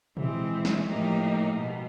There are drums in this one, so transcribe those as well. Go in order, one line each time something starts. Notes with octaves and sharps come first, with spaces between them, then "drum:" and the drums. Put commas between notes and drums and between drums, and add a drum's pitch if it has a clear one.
E3 G#3 C4, drum: tom A#2
drum: snare
A2 F3 A#3 D#4 G4
B2 G#3